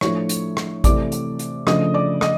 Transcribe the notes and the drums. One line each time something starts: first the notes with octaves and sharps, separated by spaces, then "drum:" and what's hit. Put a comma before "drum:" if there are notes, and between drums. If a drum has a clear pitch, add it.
A2 F3 A3 D4 C#5 C#6, drum: rim click
drum: hi-hat
drum: rim click
C3 E3 A3 D5 D6, drum: kick A1, hi-hat
drum: hi-hat
drum: hi-hat
C#3 F3 A3 D4 D#5 D#6, drum: rim click
D5 D6
D#5 D#6, drum: rim click